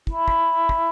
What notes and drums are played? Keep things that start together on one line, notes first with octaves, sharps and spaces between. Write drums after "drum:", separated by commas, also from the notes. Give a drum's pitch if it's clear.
E4, drum: kick
drum: kick
drum: kick